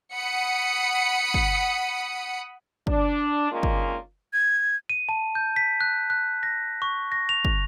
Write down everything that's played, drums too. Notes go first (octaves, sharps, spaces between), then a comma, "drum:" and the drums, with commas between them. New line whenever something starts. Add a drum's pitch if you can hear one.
F#5 B5 D#6 C#7
drum: kick
D4, drum: kick
D#3 G#3 A#3 C#4 D4 F4
drum: kick
G#6
D#7
A5
G6
B6
F#6
F#6
A#6
C#6
A#6
F7
drum: kick